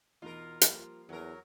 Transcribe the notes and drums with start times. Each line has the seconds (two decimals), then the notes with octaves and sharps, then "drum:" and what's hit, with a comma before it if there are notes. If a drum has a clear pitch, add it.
0.22 E2 B2 D#4 F4 A#4
0.61 F3 G3 A#3, drum: hi-hat
1.09 E2 F#3 A#4